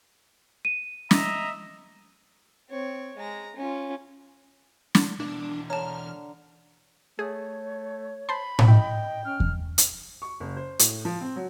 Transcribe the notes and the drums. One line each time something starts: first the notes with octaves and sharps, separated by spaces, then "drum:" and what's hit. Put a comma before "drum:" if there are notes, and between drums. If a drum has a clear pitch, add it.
D#7
D#5 E5 A#5, drum: snare
C4 C#5
G#3 A#5
C#4 F4
drum: snare
E2 B2 D4 D6
D3 C#5 A5 A#5 F6
A3 G#4 C#5
C5 A5 B5 C6
drum: tom A2
E4 D#5 G5
C#4 F6
drum: kick E2
drum: hi-hat
C#6
F#1
C5
A2, drum: hi-hat
F3
C4
F#3